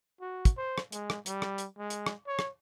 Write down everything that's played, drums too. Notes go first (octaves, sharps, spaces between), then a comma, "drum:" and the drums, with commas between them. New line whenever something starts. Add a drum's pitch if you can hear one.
F#4
drum: kick, hi-hat
C5
drum: rim click
G#3, drum: hi-hat
drum: rim click
G3, drum: hi-hat
drum: rim click
drum: hi-hat
G#3
drum: hi-hat
drum: rim click
C#5
drum: rim click